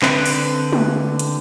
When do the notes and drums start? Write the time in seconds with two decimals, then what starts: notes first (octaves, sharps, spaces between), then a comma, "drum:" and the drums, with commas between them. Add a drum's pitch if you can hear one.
0.02 D3 C4 B4, drum: clap
0.26 drum: open hi-hat
0.72 drum: tom G#3
1.19 drum: hi-hat